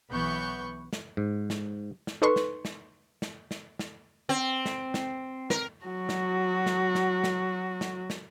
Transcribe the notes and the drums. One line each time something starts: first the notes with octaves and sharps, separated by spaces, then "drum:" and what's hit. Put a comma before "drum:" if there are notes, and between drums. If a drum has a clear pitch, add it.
B1 E3 B3 B5 C#6 G6
drum: snare
G#2
drum: snare
drum: snare
D#4 A4 B4 C6 C#6
drum: snare
drum: snare
drum: snare
drum: snare
drum: snare
C4
drum: snare
drum: snare
A#4, drum: snare
F#3 F#4
drum: snare
drum: snare
drum: snare
drum: snare
drum: snare
drum: snare